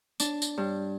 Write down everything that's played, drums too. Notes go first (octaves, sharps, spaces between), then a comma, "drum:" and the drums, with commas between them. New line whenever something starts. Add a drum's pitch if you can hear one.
D4, drum: tambourine
drum: tambourine
G2